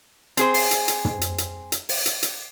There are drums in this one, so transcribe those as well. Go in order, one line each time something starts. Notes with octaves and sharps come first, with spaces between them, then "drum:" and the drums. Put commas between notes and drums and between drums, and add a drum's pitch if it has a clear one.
C4 G#4 C5, drum: hi-hat
drum: open hi-hat
drum: hi-hat
drum: hi-hat
drum: tom
drum: hi-hat
drum: hi-hat
drum: hi-hat
drum: open hi-hat
drum: hi-hat
drum: hi-hat